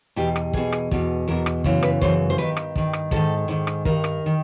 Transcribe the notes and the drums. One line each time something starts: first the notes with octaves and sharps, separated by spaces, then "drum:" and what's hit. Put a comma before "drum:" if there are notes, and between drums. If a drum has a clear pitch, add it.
E2 B2 G4
drum: rim click
E2 B2 G#4, drum: kick
drum: rim click
E2 B2, drum: kick
E2 B2 A#4
drum: rim click
F#2 C#3 E3, drum: kick
B4, drum: rim click
F#2 C#3 E3 C5, drum: kick
C5
G2 D#3 B4
drum: rim click
G2 D#3, drum: kick
drum: rim click
G#2 D#3 A4, drum: kick
G#2 D#3
drum: rim click
G2 D#3 A#4, drum: kick
drum: rim click
D#3